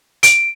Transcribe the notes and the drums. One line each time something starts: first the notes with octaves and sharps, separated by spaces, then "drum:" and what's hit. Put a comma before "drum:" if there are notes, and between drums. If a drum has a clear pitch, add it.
D7, drum: hi-hat